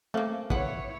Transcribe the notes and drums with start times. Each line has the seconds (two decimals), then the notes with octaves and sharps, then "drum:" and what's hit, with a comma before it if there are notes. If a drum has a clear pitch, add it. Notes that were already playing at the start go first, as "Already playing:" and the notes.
0.14 A3 A#3 C4 C#4 F5
0.50 E4 B4 C#5 F#5, drum: kick